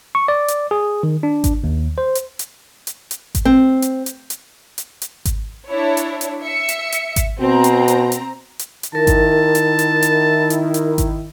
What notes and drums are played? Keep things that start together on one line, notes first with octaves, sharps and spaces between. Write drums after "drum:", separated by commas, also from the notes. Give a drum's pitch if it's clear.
C#6
D5
drum: hi-hat
G#4
D#3
D4
drum: kick G#1, hi-hat
D#2
C5
drum: hi-hat
drum: hi-hat
drum: hi-hat
drum: hi-hat
drum: kick G#1, hi-hat
C4
drum: hi-hat
drum: hi-hat
drum: hi-hat
drum: hi-hat
drum: hi-hat
drum: kick G#1, hi-hat
D4 E4 C#5
drum: hi-hat
drum: hi-hat
E5 C#7
drum: hi-hat
drum: hi-hat
drum: kick G#1, hi-hat
B2 C4 A#5
drum: hi-hat
drum: hi-hat
drum: hi-hat
drum: hi-hat
drum: hi-hat
D#3 E4 A#4 A5
drum: kick G#1, hi-hat
drum: hi-hat
drum: hi-hat
drum: hi-hat
drum: hi-hat
drum: hi-hat
drum: kick G#1, hi-hat